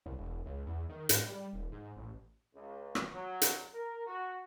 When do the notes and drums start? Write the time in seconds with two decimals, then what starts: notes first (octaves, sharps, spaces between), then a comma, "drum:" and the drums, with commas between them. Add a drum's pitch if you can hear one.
0.06 C2
0.18 E1
0.46 C#2
0.66 E2
0.89 D#3
1.09 G#2, drum: hi-hat
1.25 G3
1.53 D#1
1.72 G#2
1.96 A1
2.54 C#2
2.95 drum: rim click
3.13 F#3
3.41 drum: hi-hat
3.74 A#4
4.07 F#4